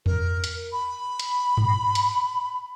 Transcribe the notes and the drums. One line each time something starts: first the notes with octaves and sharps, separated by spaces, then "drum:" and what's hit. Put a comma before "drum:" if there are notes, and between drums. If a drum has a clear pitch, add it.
A#4, drum: tom E2
drum: hi-hat
B5
drum: hi-hat
drum: tom G2
drum: hi-hat